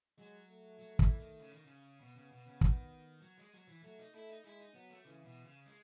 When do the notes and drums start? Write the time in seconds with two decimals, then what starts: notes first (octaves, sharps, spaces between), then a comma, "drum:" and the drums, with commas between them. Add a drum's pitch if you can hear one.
0.18 F#3 G#3
0.49 A3
0.79 F#3
0.99 E3, drum: kick
1.19 D#3
1.40 C#3
1.52 D#3
1.64 C#3
2.00 B2 B3
2.16 C#3
2.31 B2
2.46 C#3
2.61 D#3, drum: kick
3.22 F#3
3.38 G#3
3.53 F#3
3.68 E3
3.83 F#3 A3
3.99 D#4
4.14 A3 E4
4.30 D#4
4.44 G#3 E4
4.60 D#4
4.74 F#3 B3
4.90 A3
5.05 C#3 E3
5.25 B2
5.45 C#3
5.66 G#3